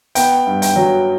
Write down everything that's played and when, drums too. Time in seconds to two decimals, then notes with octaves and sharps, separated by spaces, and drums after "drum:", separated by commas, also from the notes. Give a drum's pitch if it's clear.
0.15 B3 G5, drum: hi-hat
0.47 G2
0.62 G5, drum: hi-hat
0.76 F#3